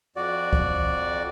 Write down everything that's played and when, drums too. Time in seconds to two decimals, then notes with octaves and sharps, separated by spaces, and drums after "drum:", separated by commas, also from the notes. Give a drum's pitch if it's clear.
0.16 F2 F#4 D5
0.53 drum: kick C2